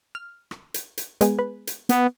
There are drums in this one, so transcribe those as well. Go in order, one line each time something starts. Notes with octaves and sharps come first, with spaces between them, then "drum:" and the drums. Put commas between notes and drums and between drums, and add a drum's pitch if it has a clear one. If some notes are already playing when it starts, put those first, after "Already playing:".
F6
drum: rim click
drum: hi-hat
drum: hi-hat
G#3 B3 G#4, drum: hi-hat
B4
drum: hi-hat
B3, drum: hi-hat